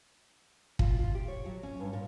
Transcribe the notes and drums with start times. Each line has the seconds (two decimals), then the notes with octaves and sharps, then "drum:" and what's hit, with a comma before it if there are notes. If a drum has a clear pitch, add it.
0.79 F4, drum: kick
0.99 F4
1.15 G4
1.28 C#5
1.46 F#3
1.63 C#4
1.80 G2
1.93 A#2